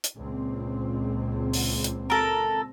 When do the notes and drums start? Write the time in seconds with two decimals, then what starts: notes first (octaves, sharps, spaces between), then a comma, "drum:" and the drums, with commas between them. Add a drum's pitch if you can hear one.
0.04 drum: hi-hat
0.17 C#2 A#2 C4
1.53 drum: open hi-hat
1.84 drum: hi-hat
2.10 A4 A#4